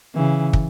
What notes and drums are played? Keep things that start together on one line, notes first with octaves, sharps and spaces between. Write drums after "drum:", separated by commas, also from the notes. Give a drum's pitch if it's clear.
C#3 E3
drum: kick